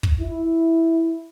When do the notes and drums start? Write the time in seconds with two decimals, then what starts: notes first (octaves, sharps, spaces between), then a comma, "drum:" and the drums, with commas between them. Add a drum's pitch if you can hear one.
0.03 drum: kick
0.20 E4